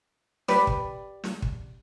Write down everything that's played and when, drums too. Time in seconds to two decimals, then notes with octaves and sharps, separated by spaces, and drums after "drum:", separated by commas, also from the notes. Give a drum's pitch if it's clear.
0.48 G4 B4 D5, drum: snare
0.67 drum: kick
1.24 drum: snare
1.42 drum: kick